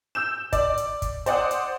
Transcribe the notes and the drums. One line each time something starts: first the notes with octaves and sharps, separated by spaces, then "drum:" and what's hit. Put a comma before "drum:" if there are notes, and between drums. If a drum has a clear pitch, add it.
E6 G6 E7
D5, drum: kick, hi-hat
drum: hi-hat
drum: kick, hi-hat
C5 D5 F#5 D#6, drum: hi-hat
drum: hi-hat